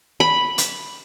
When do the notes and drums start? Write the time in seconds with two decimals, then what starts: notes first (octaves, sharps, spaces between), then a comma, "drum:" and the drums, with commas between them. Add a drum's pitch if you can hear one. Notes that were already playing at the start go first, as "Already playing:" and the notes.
0.20 B5
0.58 drum: hi-hat